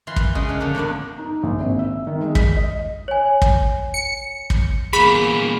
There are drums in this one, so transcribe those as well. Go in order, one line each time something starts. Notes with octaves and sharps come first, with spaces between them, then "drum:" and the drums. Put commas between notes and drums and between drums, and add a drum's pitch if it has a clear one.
E3 F4 C6
drum: kick
C#3 G#3 D#5
D4 A#4
A#2 D3 F3
E2 A2 D4 D5
D#4
A#1
G#1
E5
D#3
G#3
B6, drum: kick
D#5
C#5 G#5
drum: kick
C#7
drum: kick
E2 A#2 G#4 B5